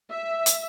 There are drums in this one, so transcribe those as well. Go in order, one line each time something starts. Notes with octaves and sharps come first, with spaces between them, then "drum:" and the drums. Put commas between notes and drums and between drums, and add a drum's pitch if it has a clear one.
E5
drum: hi-hat